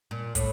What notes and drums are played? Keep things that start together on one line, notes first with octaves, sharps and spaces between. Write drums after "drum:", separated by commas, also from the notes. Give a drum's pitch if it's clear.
A#2
A2, drum: kick, hi-hat